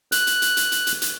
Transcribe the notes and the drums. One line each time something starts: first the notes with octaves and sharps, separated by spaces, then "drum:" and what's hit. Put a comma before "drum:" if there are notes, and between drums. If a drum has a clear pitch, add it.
F#6, drum: hi-hat
drum: hi-hat
drum: hi-hat
drum: hi-hat
drum: hi-hat
drum: hi-hat
drum: hi-hat